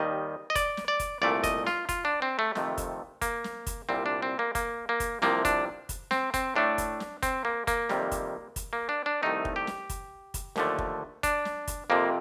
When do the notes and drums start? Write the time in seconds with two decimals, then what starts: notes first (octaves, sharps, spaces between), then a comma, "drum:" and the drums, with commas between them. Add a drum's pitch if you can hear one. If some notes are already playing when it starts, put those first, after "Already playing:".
Already playing: D#2 D#3 G3 D#5
0.50 D#5
0.55 D5, drum: kick, hi-hat
0.77 drum: snare
0.88 D5
1.00 drum: kick, hi-hat
1.22 C2 A#2 A3 D5
1.44 D#5, drum: kick, hi-hat
1.67 F4, drum: snare
1.89 F4, drum: kick, hi-hat
2.05 D4
2.22 C4
2.39 A3
2.55 F2 C3 D#3 A3, drum: snare
2.78 drum: kick, hi-hat
3.22 A#3, drum: kick, hi-hat
3.44 drum: snare
3.67 drum: kick, hi-hat
3.89 C2 A#2 G3 C4
4.06 D4
4.22 C4
4.39 A#3
4.55 A#3, drum: kick, hi-hat
4.89 A#3
5.00 drum: kick, hi-hat
5.22 C2 C3 F3 A#3, drum: snare
5.45 D4, drum: kick, hi-hat
5.89 drum: kick, hi-hat
6.11 C4, drum: snare
6.34 C4, drum: kick, hi-hat
6.56 A2 A3 D4
6.78 drum: kick, hi-hat
7.00 drum: snare
7.23 C4, drum: kick, hi-hat
7.45 A#3
7.67 A#3, drum: kick, hi-hat
7.89 F2 C3 D#3 G3, drum: snare
8.12 drum: kick, hi-hat
8.56 drum: kick, hi-hat
8.73 A#3
8.89 D4
9.06 D4
9.23 C2 C3 D#3 A3 D#4
9.45 drum: kick
9.56 G4
9.67 drum: snare
9.90 drum: kick, hi-hat
10.34 drum: kick, hi-hat
10.56 D#2 D3 F3 A3, drum: snare
10.78 drum: kick
11.23 D4, drum: kick, hi-hat
11.45 drum: snare
11.67 drum: kick, hi-hat
11.90 F2 C3 F3 A#3